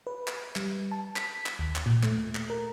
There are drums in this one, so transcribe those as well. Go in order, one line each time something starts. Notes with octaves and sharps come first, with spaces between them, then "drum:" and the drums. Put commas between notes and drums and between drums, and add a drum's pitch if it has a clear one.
B4
drum: clap
G3, drum: clap
A5
B6, drum: clap
drum: clap
D#2
drum: clap
A#2
A3, drum: clap
drum: clap
A#4